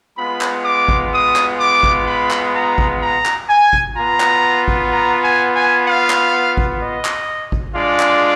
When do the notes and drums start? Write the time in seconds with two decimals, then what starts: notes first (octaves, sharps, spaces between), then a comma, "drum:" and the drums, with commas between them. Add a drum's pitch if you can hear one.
0.17 G#3 B3 F4 B5
0.41 drum: clap
0.65 D6
0.88 drum: kick G#1
1.12 D#6
1.36 drum: clap
1.60 D6
1.83 drum: kick G#1
2.07 B5
2.31 drum: clap
2.54 A#5
2.78 drum: kick G#1
3.02 A#5
3.26 drum: clap
3.49 G#5
3.73 drum: kick G#1
3.97 B3 F4 A#5
4.20 drum: clap
4.68 drum: kick G#1
4.92 A#5
5.23 G#5
5.55 G#5
5.86 F5
6.10 drum: clap
6.57 drum: kick G#1
6.81 D#5
7.05 drum: clap
7.52 drum: kick G#1
7.76 G#3 D4 F4 D5
8.00 drum: clap